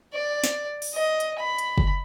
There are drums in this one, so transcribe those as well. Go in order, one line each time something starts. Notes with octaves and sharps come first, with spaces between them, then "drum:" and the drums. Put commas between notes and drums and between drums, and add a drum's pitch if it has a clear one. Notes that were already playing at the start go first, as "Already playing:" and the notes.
D5
drum: snare
drum: open hi-hat
D#5
drum: hi-hat
B5
drum: hi-hat
drum: kick